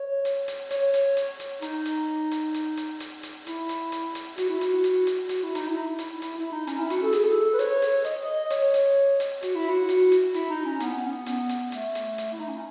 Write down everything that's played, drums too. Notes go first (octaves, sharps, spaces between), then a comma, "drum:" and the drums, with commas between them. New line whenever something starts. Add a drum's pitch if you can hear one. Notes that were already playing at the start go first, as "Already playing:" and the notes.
Already playing: C#5
drum: hi-hat
drum: hi-hat
C#5, drum: hi-hat
drum: hi-hat
drum: hi-hat
drum: hi-hat
D#4, drum: hi-hat
drum: hi-hat
drum: hi-hat
drum: hi-hat
drum: hi-hat
drum: hi-hat
drum: hi-hat
E4, drum: hi-hat
drum: hi-hat
drum: hi-hat
drum: hi-hat
F#4, drum: hi-hat
E4
F#4, drum: hi-hat
drum: hi-hat
drum: hi-hat
F#4, drum: hi-hat
E4
D#4, drum: hi-hat
E4
drum: hi-hat
E4, drum: hi-hat
E4
D#4
C#4, drum: hi-hat
E4
F#4, drum: hi-hat
A4
G#4, drum: hi-hat
A4
B4
C#5, drum: hi-hat
drum: hi-hat
D#5, drum: hi-hat
D#5
C#5, drum: hi-hat
drum: hi-hat
drum: hi-hat
F#4, drum: hi-hat
E4
F#4
drum: hi-hat
drum: hi-hat
E4, drum: hi-hat
D#4
C#4
B3, drum: hi-hat
C#4
B3
drum: hi-hat
drum: hi-hat
A3, drum: hi-hat
drum: hi-hat
drum: hi-hat
E4
D#4
C#4